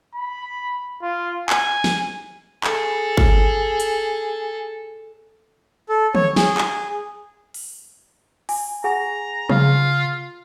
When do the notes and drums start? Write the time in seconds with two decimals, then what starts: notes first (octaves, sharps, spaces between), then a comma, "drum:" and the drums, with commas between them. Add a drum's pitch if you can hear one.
0.15 B5
1.02 F4
1.50 G#5, drum: clap
1.84 drum: snare
2.64 G#4 A4, drum: clap
3.17 drum: kick G1
3.80 drum: hi-hat
5.89 A4
6.15 C#5, drum: tom
6.36 G#4, drum: snare
6.58 drum: clap
7.54 drum: open hi-hat
8.49 G#5, drum: open hi-hat
8.84 G#4 F#5 G#5 A#5
9.49 C#3 F4, drum: tom